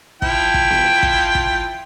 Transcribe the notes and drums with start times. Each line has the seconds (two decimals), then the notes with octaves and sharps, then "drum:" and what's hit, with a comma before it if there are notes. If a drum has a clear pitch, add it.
0.22 F3 E4 G5, drum: kick
0.54 drum: kick
0.70 drum: snare B3
1.03 drum: kick
1.35 drum: kick